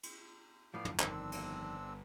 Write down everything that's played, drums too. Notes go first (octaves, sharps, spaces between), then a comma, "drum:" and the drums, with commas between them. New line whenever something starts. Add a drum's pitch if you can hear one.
drum: cymbal
A2 F3 B3 D5 F5
drum: tom
G1 F2 D#3 C4 D4 E6, drum: clap
drum: cymbal